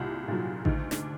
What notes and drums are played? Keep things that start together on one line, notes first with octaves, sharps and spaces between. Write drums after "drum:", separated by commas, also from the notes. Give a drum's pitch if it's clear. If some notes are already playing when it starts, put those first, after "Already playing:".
Already playing: C2 A#2 F#4
A#2 F#3
D2 D#4, drum: kick A1
D4, drum: snare